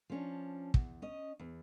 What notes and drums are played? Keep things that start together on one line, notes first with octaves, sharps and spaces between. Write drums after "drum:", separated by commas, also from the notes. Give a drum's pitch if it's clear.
F3 C#4 D4
E2, drum: kick
C#4 D#5
E2